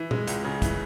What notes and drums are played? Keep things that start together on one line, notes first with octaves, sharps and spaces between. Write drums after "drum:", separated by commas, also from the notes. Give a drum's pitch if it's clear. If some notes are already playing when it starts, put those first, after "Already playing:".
Already playing: E3
G#3, drum: tom A#2
C#2, drum: hi-hat
C#3
E3, drum: kick, hi-hat